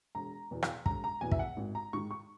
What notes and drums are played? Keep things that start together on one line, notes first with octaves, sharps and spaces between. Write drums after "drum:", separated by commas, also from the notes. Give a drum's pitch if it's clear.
E1 A#5
E2 B2
drum: rim click
E1 A#5, drum: kick
A#5
E2 B2 G#5
E5, drum: kick
F#5
G#1
A#5
G#2 D#3 C#6
C#6